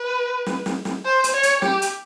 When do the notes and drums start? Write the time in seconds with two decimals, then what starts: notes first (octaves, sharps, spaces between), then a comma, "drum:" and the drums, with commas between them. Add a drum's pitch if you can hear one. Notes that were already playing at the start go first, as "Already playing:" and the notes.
Already playing: B4
0.46 drum: snare
0.66 drum: snare
0.85 drum: snare
1.05 C5
1.24 drum: hi-hat
1.34 C#5
1.43 drum: hi-hat
1.62 G4, drum: snare
1.82 drum: hi-hat